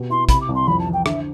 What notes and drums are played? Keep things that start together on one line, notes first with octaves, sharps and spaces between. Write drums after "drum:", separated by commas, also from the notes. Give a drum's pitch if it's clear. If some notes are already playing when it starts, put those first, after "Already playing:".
Already playing: B2 G4
E4 C6
C3 B5, drum: kick, hi-hat
D6
C2
C6
F2 B5
A5
E3
G5
D3 E5, drum: rim click